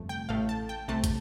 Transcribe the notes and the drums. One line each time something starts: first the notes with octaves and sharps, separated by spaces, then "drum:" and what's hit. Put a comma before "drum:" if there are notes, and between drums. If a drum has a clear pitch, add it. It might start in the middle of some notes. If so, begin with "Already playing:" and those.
Already playing: G1 F2 C3 A3
G5
A1 A2 A3 F5
A5
G5
C2 C3 A3 A5
drum: kick, hi-hat